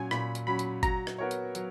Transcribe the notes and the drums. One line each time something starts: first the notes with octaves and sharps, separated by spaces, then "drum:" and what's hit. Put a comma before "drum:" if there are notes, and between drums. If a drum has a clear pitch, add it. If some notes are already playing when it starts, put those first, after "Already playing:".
Already playing: A#2 F#3 C#4 G#5
A#2 B5, drum: rim click
drum: hi-hat
F#3 C#4 B5
drum: hi-hat
F#3 A#5, drum: kick G1, hi-hat
drum: rim click
B3 F#4 A#4 C#5
drum: hi-hat
F#3, drum: hi-hat